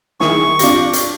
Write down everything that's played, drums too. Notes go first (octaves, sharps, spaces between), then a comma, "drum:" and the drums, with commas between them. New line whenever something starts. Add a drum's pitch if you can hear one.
D#3 E4 G#4 C#6, drum: snare
D4 F4 G4 D6 A#6, drum: hi-hat
drum: hi-hat